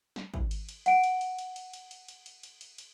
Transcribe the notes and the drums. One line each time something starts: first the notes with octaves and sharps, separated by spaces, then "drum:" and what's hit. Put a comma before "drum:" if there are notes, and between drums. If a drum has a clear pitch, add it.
drum: snare
drum: kick
drum: cymbal
drum: cymbal
F#5 D7, drum: cymbal
drum: cymbal
drum: cymbal
drum: cymbal
drum: cymbal
drum: cymbal
drum: cymbal
drum: cymbal
drum: cymbal
drum: cymbal
drum: cymbal
drum: cymbal